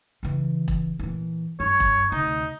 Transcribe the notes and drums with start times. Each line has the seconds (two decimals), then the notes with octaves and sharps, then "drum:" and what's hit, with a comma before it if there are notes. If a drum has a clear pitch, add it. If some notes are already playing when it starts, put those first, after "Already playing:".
0.23 C#3 E3
0.68 drum: kick E1
0.99 A#2 E3
1.60 G2 C#5
1.80 drum: kick E1
2.12 D2 C3 D#4